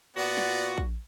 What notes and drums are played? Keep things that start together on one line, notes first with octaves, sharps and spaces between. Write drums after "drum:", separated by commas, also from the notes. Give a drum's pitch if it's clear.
A#2 B3 F4 F#4 D5
drum: snare
drum: kick A#1